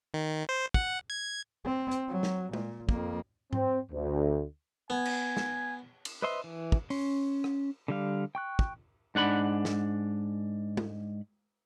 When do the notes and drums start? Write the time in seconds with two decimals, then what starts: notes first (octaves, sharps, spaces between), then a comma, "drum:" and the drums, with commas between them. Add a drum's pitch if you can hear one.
0.14 D#3
0.49 C5
0.74 F#5, drum: kick
1.10 G#6
1.65 C4
1.91 drum: hi-hat
2.08 F#3
2.23 drum: snare
2.53 A#2, drum: tom G#3
2.89 F2 A#3, drum: kick
3.53 C4, drum: tom G#2
3.92 D2
4.90 B3 G#5
5.05 drum: cymbal
5.37 drum: snare
6.05 drum: cymbal
6.22 B4 C5 D#5 E5 C6
6.44 E3
6.72 drum: kick
6.90 C#4 C6, drum: open hi-hat
7.44 drum: rim click
7.88 D3 G3 F5
8.35 G5 C#6 F#6
8.59 drum: kick
9.15 G#2 D4 F#5 B5
9.65 drum: snare
10.77 drum: tom G#3